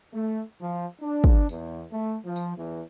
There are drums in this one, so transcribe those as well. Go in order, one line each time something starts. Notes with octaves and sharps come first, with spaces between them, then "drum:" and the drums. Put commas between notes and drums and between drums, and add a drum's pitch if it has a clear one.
A3
F3
D4
drum: kick
E2, drum: tambourine
A3
F3
drum: tambourine
E2